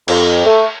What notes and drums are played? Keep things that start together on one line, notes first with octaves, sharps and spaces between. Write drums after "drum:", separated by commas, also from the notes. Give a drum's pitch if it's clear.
F2, drum: cymbal
A3